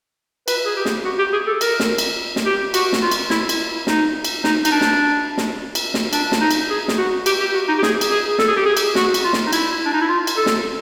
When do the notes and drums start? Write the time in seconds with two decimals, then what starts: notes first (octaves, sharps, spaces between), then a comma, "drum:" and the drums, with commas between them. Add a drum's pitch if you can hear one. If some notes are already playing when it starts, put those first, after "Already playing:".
0.48 B4, drum: cymbal
0.65 G#4
0.76 G4
0.85 drum: snare
1.05 F#4
1.18 G4
1.32 G#4
1.47 A4
1.61 A#4, drum: cymbal
1.80 drum: snare
1.98 drum: cymbal
2.36 drum: snare
2.45 G4
2.74 F#4, drum: cymbal
2.93 drum: snare
3.02 F4
3.11 drum: cymbal
3.30 E4, drum: snare
3.49 drum: cymbal
3.87 D#4, drum: snare
4.24 drum: cymbal
4.44 D#4, drum: snare
4.65 D#4, drum: cymbal
4.71 D4
4.81 drum: snare
5.38 drum: snare
5.75 drum: cymbal
5.94 drum: snare
6.13 D4, drum: cymbal
6.32 drum: snare
6.41 D#4
6.51 drum: cymbal
6.70 G#4
6.88 drum: snare
6.98 F#4
7.26 G4, drum: cymbal
7.40 G4
7.54 F#4
7.68 D#4
7.78 G4
7.83 G#4, drum: snare
8.01 drum: cymbal
8.11 G#4
8.39 A4, drum: snare
8.48 G#4
8.56 G4
8.65 G#4
8.77 drum: cymbal
8.95 F#4, drum: snare
9.14 drum: cymbal
9.24 F4
9.33 drum: snare
9.46 D#4
9.53 E4, drum: cymbal
9.85 D4
9.93 D#4
10.01 E4
10.09 F4
10.27 drum: cymbal
10.37 A4
10.46 drum: snare